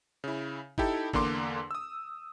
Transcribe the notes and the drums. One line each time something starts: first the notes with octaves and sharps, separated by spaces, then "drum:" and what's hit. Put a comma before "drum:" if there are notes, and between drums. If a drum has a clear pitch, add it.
C#3 E4
D#4 E4 G4 A4, drum: kick G1
E2 D3 A#3 C6 D6, drum: kick G1
D#6 E6